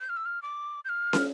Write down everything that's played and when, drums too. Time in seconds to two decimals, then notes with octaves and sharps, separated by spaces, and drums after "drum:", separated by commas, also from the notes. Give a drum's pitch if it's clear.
0.01 G6
0.09 F6
0.17 E6
0.25 F6
0.42 D6
0.85 G6
0.89 F6
1.13 drum: snare